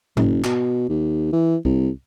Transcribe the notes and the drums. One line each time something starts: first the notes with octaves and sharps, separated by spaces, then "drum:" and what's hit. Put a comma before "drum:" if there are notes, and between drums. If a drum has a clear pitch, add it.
F#1, drum: tom G#2
B2, drum: clap
D#2
E3
C2, drum: kick